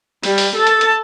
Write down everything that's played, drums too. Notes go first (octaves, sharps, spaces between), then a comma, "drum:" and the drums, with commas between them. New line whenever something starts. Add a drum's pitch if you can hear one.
G3, drum: open hi-hat
drum: open hi-hat
A4 A5
drum: hi-hat
drum: hi-hat